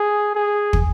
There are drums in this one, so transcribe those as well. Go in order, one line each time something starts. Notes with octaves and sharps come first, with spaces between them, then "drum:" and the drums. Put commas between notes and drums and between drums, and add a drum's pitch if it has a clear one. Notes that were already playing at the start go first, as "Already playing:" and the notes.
Already playing: G#4
G#4
drum: kick